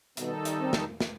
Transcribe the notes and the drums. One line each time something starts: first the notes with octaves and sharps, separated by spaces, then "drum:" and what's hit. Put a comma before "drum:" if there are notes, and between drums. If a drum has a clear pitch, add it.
B2 D#3 G3 B3 D#4 A4, drum: hi-hat
drum: hi-hat
C3 C4
drum: snare
drum: snare